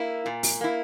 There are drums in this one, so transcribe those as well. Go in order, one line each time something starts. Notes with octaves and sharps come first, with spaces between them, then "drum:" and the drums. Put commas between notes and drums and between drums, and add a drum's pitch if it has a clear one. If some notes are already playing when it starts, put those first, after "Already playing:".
Already playing: A#3 E4
A#2
drum: open hi-hat
A#3 E4